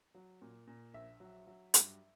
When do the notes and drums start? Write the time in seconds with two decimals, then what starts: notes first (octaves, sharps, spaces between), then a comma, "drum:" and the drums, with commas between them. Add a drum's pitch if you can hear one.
0.15 F#3
0.42 A#2
0.67 A#2
0.94 A#1 E5
1.20 F#3
1.47 F#3
1.74 G2, drum: hi-hat